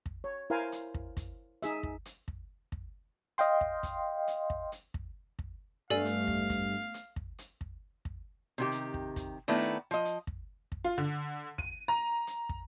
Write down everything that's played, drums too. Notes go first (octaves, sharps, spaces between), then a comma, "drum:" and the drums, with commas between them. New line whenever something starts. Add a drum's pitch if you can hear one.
drum: kick
C#5
E4 A#4 C5 F5 G#5
drum: hi-hat
drum: kick
drum: kick, hi-hat
D#4 G#4 E5, drum: hi-hat
drum: kick
drum: hi-hat
drum: kick
drum: kick
D#5 F5 G5 C6, drum: hi-hat
drum: kick
drum: kick, hi-hat
drum: hi-hat
drum: kick
drum: hi-hat
drum: kick
drum: kick
G2 A3 B3 A4 D5 F5 G#5
drum: hi-hat
drum: kick
drum: kick, hi-hat
drum: hi-hat
drum: kick
drum: hi-hat
drum: kick
drum: kick
C3 D#3 G4
drum: hi-hat
drum: kick
drum: kick, hi-hat
D#3 A3 B3 D4 E4
drum: hi-hat
F3 D#5
drum: hi-hat
drum: kick
drum: kick
F4
D3
D#7, drum: kick
A#5
drum: hi-hat
drum: kick